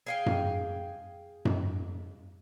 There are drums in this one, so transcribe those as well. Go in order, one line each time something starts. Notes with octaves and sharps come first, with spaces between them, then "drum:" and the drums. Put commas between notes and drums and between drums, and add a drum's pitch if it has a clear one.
G#4 F5 G5
drum: tom F#2
drum: tom F#2